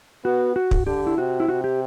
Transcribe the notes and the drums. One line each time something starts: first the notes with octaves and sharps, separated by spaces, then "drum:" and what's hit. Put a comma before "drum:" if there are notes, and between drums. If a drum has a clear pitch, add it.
B3 F#4
F#4
drum: kick
D3 G4
E4
C3 F#4
E4
C3 F#4
G4